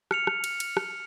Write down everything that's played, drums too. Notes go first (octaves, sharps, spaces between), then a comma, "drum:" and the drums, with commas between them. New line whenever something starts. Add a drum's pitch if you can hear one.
F6 C#7 F7, drum: rim click
drum: rim click
drum: cymbal
drum: cymbal
drum: rim click